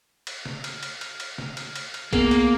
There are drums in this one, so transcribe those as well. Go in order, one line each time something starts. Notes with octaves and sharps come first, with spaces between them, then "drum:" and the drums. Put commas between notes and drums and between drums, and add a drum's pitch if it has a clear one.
drum: cymbal
drum: snare
drum: cymbal
drum: cymbal
drum: cymbal
drum: cymbal
drum: snare
drum: cymbal
drum: cymbal
drum: cymbal
A#3 B3 G#4, drum: kick, cymbal
drum: cymbal